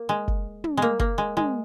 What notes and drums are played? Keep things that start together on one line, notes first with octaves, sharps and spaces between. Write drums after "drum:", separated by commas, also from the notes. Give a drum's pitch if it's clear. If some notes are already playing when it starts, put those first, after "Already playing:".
Already playing: A#3
G#3
drum: kick
drum: tom
G#3 A#3
A#3, drum: kick
G#3
G#3, drum: tom